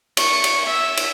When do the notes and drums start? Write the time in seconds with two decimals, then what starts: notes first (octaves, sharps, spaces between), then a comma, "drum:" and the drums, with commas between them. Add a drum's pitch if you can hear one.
0.17 C#6, drum: cymbal
0.44 drum: cymbal
0.66 E5
0.97 drum: cymbal